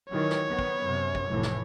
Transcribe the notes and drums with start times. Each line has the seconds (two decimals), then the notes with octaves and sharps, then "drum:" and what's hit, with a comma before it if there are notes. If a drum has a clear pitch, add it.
0.11 D#3 E3 F#3 C#5
0.31 drum: snare
0.47 D#3 B3
0.59 drum: kick
0.83 F#2 C3
1.15 drum: kick
1.29 F1 A2 E3
1.43 drum: snare